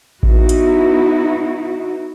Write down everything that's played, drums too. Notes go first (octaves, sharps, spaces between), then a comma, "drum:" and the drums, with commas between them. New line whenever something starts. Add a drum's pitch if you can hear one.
B3 D#4 E4 F#4, drum: kick A1
drum: hi-hat